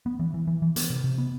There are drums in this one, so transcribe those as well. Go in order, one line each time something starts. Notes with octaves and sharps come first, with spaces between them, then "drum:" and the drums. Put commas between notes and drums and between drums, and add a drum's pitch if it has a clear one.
B3
E3
E3
E3
E3
B3, drum: hi-hat
C3
C3
B3